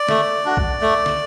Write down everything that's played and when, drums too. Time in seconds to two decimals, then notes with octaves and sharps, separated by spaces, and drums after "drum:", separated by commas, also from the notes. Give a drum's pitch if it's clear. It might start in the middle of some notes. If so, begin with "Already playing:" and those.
Already playing: D5
0.09 A3, drum: snare
0.45 D4 F#4
0.57 drum: kick
0.81 A3
1.06 drum: snare